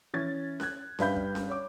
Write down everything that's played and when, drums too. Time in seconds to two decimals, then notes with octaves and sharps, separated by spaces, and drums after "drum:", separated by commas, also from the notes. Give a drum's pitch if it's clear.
0.14 E3 C#4 G#6 A6
0.60 F#6 G#6, drum: snare C#4
0.99 G2 G3 B4 F5 B5 G6, drum: snare C#4
1.16 drum: kick
1.35 drum: snare C#4
1.50 C#5 D6